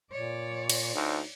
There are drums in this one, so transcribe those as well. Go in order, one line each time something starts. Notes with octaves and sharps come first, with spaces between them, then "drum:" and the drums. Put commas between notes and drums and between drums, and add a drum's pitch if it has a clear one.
A#2 C#5 D5
drum: cymbal
D2 D#4